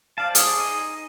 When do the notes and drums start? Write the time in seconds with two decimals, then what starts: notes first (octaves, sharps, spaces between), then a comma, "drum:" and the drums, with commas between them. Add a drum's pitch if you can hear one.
0.18 C5 D5 F5 A5
0.35 G#4, drum: hi-hat
0.59 D#4 D#5